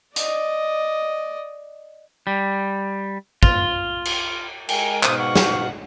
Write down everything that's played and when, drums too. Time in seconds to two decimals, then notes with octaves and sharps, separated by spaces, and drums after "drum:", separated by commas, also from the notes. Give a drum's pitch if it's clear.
0.16 D5 D#5, drum: hi-hat
2.27 G3
3.43 F4, drum: kick
4.05 drum: cymbal
4.69 G#3 A#4 G5 G#5, drum: cymbal
5.03 G#2 B2 C5 F5 D#6, drum: clap
5.18 F#5 C#6
5.36 drum: snare